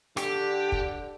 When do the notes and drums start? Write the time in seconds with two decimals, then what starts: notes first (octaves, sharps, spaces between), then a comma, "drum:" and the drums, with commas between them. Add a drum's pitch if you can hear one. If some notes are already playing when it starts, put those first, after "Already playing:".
0.17 D3 G4, drum: rim click
0.72 drum: kick